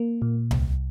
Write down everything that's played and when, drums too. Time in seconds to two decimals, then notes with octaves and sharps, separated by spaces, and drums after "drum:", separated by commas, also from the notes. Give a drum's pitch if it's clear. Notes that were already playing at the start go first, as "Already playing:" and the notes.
Already playing: A#3
0.22 A#2
0.51 C2, drum: tom D2